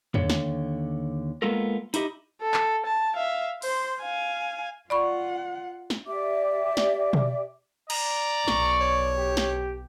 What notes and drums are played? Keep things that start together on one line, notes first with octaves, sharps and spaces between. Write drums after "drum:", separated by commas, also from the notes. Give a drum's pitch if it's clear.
D#2 D3 C#5, drum: tom E2
drum: snare
G#3 A#3 B3 F4 A4 A#4
D#4 E4 G4 D#5, drum: hi-hat
A4
drum: clap
A5
E5 F5
C5 C6, drum: open hi-hat
F5 G#5
F4 D5 F#5 B5 C#6
drum: snare
G4 D5 E5 D6
drum: snare
drum: tom B2
D5 A#5, drum: cymbal
B1 C#6, drum: snare
C#5
G4
drum: snare